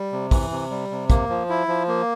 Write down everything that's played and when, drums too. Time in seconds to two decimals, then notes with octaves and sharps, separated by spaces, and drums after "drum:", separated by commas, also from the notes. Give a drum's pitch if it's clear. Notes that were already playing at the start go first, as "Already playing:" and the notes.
Already playing: G3
0.12 C3
0.31 E3, drum: kick, open hi-hat
0.51 C3
0.71 G3
0.91 C3
1.10 A#3, drum: kick, hi-hat
1.29 F3
1.49 E4
1.68 F3
1.88 A#3